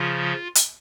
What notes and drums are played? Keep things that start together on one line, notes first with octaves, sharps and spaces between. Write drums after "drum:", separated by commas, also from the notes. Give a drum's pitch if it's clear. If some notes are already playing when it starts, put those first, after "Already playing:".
Already playing: C#3 F3 F4
drum: hi-hat